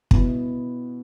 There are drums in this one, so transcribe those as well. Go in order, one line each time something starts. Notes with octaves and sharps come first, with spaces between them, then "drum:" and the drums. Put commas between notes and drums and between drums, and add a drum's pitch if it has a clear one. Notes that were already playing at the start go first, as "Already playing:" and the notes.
B2 B3 E4, drum: kick